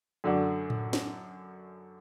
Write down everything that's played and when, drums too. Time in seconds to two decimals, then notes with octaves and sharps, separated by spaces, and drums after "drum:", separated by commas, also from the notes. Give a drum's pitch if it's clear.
0.24 F#2 D3 D4 F#4
0.70 drum: tom A2
0.93 drum: snare